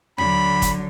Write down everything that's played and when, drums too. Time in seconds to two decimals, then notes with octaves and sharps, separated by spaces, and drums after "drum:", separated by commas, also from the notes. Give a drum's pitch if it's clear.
0.18 D3 F#3 B5, drum: tom D#2
0.62 drum: kick, hi-hat